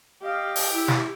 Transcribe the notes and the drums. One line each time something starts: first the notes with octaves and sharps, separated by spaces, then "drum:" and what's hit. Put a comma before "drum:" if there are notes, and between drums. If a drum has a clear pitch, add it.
G4 D#5 F5
drum: open hi-hat
E4
drum: snare